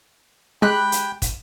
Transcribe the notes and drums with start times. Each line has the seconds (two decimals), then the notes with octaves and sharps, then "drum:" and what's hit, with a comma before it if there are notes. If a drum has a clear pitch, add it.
0.62 G#3 G4 G5 B5 F#6
0.92 drum: hi-hat
1.22 drum: kick, hi-hat